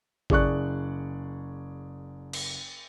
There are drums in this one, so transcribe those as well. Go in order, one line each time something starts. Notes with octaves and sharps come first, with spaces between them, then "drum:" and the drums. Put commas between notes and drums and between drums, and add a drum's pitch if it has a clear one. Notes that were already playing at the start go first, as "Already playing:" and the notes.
F#1 G#4 D5 C#6 F#6, drum: kick G#1
drum: cymbal